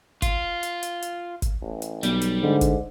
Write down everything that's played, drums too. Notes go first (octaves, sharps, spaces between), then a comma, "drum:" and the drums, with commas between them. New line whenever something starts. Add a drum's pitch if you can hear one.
F4, drum: kick G1, hi-hat
drum: hi-hat
drum: hi-hat
drum: hi-hat
drum: kick G1, hi-hat
A1
drum: hi-hat
B1 G3, drum: hi-hat
drum: hi-hat
G#2 D3
drum: kick G1, hi-hat